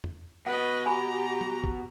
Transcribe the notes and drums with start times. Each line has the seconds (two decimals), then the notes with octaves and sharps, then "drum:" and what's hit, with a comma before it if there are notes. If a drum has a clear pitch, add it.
0.04 drum: tom
0.46 B2 B4 D#5 F#5
0.86 G4 G#5 A#5 B5
1.41 drum: tom
1.64 drum: kick